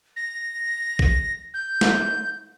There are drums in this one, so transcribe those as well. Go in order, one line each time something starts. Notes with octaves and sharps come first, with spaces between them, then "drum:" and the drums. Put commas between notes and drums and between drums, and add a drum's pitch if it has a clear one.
A#6
drum: kick
G6
drum: snare